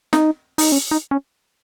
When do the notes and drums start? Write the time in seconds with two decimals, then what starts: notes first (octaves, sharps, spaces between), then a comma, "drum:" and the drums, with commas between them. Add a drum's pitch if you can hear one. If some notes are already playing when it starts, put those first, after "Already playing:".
0.13 D#4, drum: snare
0.58 D#4, drum: open hi-hat
0.72 C#4
0.91 D#4
1.11 C#4